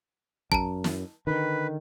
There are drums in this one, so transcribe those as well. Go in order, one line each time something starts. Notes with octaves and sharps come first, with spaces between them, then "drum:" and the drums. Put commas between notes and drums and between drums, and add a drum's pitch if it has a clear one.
F#2 A5 A#5, drum: kick
drum: snare
D3 D#3 B4